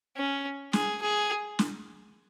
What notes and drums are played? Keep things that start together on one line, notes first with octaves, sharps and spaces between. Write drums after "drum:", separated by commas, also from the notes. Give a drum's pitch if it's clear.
C#4
G#4, drum: snare
G#4
drum: snare